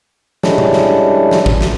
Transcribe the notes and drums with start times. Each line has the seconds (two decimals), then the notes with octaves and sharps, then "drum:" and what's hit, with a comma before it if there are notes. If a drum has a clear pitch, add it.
0.43 G3 G#3 C#4 D4 E4 A4, drum: snare
0.58 drum: tom B2
0.73 drum: snare
1.31 drum: snare
1.46 drum: kick
1.61 drum: snare